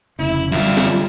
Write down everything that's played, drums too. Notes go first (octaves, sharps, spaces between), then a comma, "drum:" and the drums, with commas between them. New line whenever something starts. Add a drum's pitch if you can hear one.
F1 D2 C#3 E4
F#2 D3 G3 E4 F4 A#4 E5
drum: snare